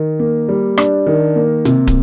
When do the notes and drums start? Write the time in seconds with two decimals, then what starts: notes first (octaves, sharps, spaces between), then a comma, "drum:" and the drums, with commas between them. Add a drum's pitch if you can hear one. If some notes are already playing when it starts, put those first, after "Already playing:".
Already playing: D#3
0.20 A#3
0.49 G3
0.78 D4, drum: rim click
1.07 D#3
1.36 A#3
1.65 C3, drum: hi-hat
1.87 drum: kick, hi-hat